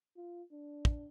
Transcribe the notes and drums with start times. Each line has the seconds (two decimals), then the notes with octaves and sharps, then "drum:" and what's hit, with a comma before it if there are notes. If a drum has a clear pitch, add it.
0.17 F4
0.52 D4
0.85 drum: kick